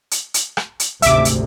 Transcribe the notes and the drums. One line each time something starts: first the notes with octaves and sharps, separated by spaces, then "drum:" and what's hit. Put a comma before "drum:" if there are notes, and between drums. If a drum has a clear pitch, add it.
drum: hi-hat
drum: hi-hat
drum: rim click
drum: hi-hat
G#1 D2 C3 E5 D6, drum: hi-hat
drum: hi-hat